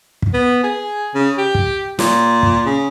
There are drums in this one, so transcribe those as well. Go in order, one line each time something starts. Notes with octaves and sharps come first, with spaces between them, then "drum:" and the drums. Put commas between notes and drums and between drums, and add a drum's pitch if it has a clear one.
drum: kick
B3
G#4
C#3
G4
drum: kick
A#2, drum: snare
drum: kick
C#3